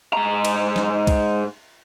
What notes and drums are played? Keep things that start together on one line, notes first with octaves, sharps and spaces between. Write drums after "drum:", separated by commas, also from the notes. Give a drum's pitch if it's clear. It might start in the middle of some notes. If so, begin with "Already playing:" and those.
G#2 A#5
drum: cymbal
drum: snare
drum: kick C2, cymbal